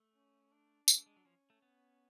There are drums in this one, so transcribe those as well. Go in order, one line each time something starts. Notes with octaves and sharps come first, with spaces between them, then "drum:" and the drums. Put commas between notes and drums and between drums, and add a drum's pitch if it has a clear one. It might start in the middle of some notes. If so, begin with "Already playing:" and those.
Already playing: A3
C#4
D4
B3 D4, drum: tambourine
A3
G#3
F#3
F3 C#4
A3
B3